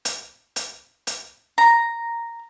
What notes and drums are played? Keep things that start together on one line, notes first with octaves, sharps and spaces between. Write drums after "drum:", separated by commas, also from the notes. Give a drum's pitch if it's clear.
drum: hi-hat
drum: hi-hat
drum: hi-hat
A#5